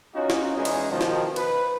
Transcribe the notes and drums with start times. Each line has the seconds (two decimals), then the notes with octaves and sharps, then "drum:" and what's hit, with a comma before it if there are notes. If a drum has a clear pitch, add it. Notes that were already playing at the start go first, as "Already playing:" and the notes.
0.15 C#4 D#4 F4 F#4
0.30 drum: snare
0.56 E2 G#3 C#4 D#4
0.65 drum: cymbal
0.90 B2 D#3 F3
1.01 drum: snare
1.36 B4, drum: cymbal